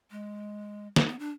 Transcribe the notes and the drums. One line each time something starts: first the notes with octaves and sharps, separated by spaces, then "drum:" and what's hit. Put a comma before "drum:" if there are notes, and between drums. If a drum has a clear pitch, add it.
G#3
F#3, drum: snare
B3
D4